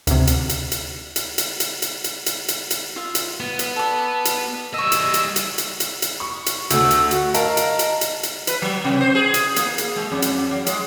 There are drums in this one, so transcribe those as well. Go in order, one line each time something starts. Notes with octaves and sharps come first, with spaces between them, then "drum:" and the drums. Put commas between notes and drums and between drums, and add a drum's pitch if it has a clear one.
D2 C3, drum: hi-hat
drum: hi-hat
drum: hi-hat
drum: hi-hat
drum: hi-hat
drum: hi-hat
drum: hi-hat
drum: hi-hat
drum: hi-hat
drum: hi-hat
drum: hi-hat
drum: hi-hat
F4 E5
drum: hi-hat
B3
drum: hi-hat
A4 D5
drum: hi-hat
G3 D#5 E5 C#6 E6
drum: hi-hat
drum: hi-hat
drum: hi-hat
drum: hi-hat
drum: hi-hat
drum: hi-hat
C#6
drum: hi-hat
D2 A3 E6, drum: hi-hat
drum: hi-hat
F#4, drum: hi-hat
A#4 D#5 F5 A5, drum: hi-hat
drum: hi-hat
drum: hi-hat
drum: hi-hat
drum: hi-hat
B4, drum: hi-hat
F#3
C3
C5
G#4
drum: hi-hat
A#3, drum: hi-hat
drum: hi-hat
G#3
F2
drum: hi-hat
F#3
G#3, drum: hi-hat